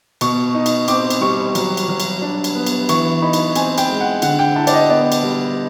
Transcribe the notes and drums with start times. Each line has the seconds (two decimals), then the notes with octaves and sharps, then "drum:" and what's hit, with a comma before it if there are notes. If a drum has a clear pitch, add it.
0.21 B2 C#6, drum: cymbal
0.54 D#4
0.66 drum: cymbal
0.88 C4 D6, drum: cymbal
1.10 drum: cymbal
1.21 G3 C#6
1.55 F#3, drum: cymbal
1.77 drum: cymbal
1.89 F#3
2.00 drum: cymbal
2.21 D4
2.44 drum: cymbal
2.55 B3
2.66 drum: cymbal
2.89 E3 C#6, drum: cymbal
3.22 D#4 B5
3.33 drum: cymbal
3.56 C4 G#5, drum: cymbal
3.78 G5, drum: cymbal
3.89 G#3
4.00 F#5
4.22 D3 F#5, drum: cymbal
4.39 G5
4.56 E4 A5
4.67 D5, drum: cymbal
4.73 D#5
4.89 B3 D5
5.12 drum: cymbal
5.23 G3